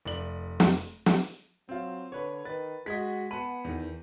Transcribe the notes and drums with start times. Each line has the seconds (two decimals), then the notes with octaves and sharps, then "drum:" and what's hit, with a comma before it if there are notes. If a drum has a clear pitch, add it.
0.05 F1 D5 F#7
0.60 drum: snare
1.06 drum: snare
1.69 F#3 C4 F4
2.12 D3 B4 C#5
2.45 D#3 B4 A6
2.86 G#3 F#4 D#5 G#6 B6
3.31 B3 F#5 A5 B5 D#7
3.64 E2 D#3